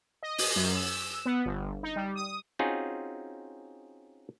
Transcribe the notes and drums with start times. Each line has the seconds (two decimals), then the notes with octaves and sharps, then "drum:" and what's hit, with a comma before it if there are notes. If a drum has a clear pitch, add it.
0.23 D#5
0.38 drum: open hi-hat
0.56 F#2
0.76 E6
1.26 B3
1.46 G1
1.83 D#4
1.96 G3
2.15 D#6
2.59 C4 C#4 D#4 F4 F#4 G#4